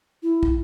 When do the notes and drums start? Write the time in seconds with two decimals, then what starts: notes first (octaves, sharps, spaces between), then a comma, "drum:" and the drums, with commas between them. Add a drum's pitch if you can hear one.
0.23 E4
0.43 drum: kick